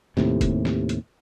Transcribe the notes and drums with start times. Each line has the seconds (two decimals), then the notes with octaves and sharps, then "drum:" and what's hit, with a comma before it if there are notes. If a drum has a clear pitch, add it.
0.17 D#2 A2 C3, drum: snare C4
0.41 drum: kick, hi-hat
0.65 drum: snare C4
0.89 drum: hi-hat